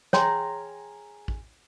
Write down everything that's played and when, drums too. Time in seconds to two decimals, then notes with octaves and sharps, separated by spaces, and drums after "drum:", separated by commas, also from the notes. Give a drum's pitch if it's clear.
0.13 G#4 A#4 C#5 G5 A#5 C6, drum: snare
1.28 drum: kick